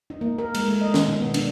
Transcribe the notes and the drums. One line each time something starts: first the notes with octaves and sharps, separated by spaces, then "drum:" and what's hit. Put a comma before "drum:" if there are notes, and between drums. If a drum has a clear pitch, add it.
D#4
A#3
A#4
G#3, drum: cymbal
A3
D#5
D#3, drum: snare
B2
B3
D4, drum: cymbal